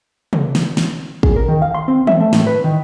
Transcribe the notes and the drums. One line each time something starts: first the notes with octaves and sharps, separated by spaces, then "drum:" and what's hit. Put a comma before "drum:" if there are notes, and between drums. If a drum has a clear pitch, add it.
drum: tom C3
drum: snare
drum: snare
G#4, drum: kick
A#4
D#3
F5
C6
C4
E5, drum: tom
A3
A2, drum: snare
B4
D#3